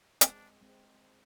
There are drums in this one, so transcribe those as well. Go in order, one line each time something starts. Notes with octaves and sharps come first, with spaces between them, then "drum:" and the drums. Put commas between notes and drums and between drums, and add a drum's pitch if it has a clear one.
G#3 C4 D4, drum: hi-hat
G#3 C4